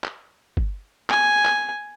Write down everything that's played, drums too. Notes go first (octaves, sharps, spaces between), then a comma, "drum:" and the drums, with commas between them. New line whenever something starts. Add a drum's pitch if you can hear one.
drum: clap
drum: kick G1
G#5, drum: clap
drum: clap